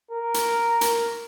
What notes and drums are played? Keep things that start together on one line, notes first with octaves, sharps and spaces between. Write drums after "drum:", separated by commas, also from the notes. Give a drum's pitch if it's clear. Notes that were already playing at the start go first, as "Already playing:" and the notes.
A#4
drum: hi-hat
drum: hi-hat